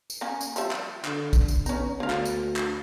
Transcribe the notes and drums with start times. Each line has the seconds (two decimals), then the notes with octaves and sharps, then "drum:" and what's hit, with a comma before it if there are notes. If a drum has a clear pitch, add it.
0.10 drum: tambourine
0.21 A#3 C#4
0.41 drum: tambourine
0.56 F3 G3 E5, drum: tambourine
0.71 drum: clap
1.05 D3, drum: clap
1.33 drum: kick, tambourine
1.48 drum: tambourine
1.66 B3 C#4 D#4, drum: tambourine
2.00 D2 A#3 F5
2.10 drum: clap
2.25 drum: tambourine
2.56 drum: clap